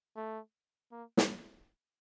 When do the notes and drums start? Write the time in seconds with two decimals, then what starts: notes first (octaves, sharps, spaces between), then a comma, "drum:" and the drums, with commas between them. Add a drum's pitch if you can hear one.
0.16 A3
0.92 A#3
1.17 drum: snare